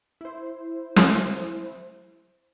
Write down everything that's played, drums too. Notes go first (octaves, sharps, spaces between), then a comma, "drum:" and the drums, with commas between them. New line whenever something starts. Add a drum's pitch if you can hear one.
E4 C5
drum: snare